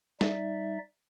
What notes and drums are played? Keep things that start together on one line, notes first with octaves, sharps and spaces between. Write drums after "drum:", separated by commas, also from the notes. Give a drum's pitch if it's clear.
G3 D#4 D5 E5, drum: snare